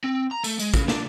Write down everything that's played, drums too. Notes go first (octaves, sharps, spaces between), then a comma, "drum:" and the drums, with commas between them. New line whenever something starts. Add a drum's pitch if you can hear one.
C4
A#5
A3, drum: tambourine
G#3, drum: tambourine
C#3, drum: kick, tambourine
D4, drum: snare